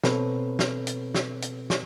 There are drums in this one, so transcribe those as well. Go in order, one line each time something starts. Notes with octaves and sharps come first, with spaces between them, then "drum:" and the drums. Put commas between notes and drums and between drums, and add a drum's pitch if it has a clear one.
B2 C4 A4 B4 C#5, drum: snare
drum: snare
drum: hi-hat
drum: snare
drum: hi-hat
drum: snare